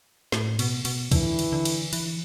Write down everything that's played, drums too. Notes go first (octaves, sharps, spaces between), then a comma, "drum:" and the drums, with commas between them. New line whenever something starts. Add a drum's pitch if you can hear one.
A2, drum: snare
B2, drum: cymbal
B2, drum: cymbal
D3 E3, drum: kick, cymbal
drum: cymbal
D3
drum: cymbal
E3, drum: cymbal